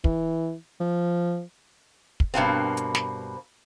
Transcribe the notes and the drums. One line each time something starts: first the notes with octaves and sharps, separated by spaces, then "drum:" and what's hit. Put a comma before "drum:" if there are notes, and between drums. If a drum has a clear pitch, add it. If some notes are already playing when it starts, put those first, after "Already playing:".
E3, drum: kick
F3
drum: kick
G2 B2 A#3 C4
drum: hi-hat
drum: snare